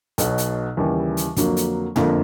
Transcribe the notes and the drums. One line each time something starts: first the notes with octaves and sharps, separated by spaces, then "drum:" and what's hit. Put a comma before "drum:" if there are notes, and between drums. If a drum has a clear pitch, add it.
B1 B2 F#3, drum: kick, hi-hat
drum: hi-hat
D#2 C#3 E3 G3
drum: hi-hat
F2 D3 F#3 A#3, drum: kick, hi-hat
drum: hi-hat
G1 F2 D3 F3 A#3, drum: tom